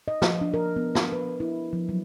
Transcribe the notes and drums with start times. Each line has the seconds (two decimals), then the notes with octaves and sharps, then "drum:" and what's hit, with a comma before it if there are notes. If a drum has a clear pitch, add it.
0.08 D#5
0.22 F3, drum: snare
0.41 D4
0.54 A#4
0.76 B3
0.95 drum: snare
1.12 B4
1.40 E4
1.73 F3
1.89 F#3